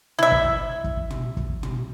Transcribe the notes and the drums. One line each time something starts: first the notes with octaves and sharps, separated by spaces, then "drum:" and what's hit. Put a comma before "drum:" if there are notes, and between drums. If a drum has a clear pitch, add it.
E4 E5, drum: tom
drum: kick
drum: kick
drum: tom
drum: kick
drum: tom